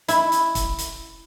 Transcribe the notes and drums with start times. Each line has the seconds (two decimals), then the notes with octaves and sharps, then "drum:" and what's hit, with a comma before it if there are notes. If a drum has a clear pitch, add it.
0.08 E4, drum: hi-hat
0.32 drum: hi-hat
0.55 drum: kick, hi-hat
0.78 drum: hi-hat